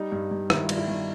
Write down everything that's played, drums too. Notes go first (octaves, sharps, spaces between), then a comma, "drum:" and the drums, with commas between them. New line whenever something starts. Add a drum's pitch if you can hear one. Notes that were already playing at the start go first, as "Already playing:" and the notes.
Already playing: G3 D#4
G2
G2
D#3 E4, drum: rim click
F4
G2, drum: cymbal
E4
G2